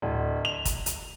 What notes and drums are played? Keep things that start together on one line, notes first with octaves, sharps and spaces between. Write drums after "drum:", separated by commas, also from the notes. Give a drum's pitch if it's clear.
D1
F7
drum: kick, hi-hat
drum: hi-hat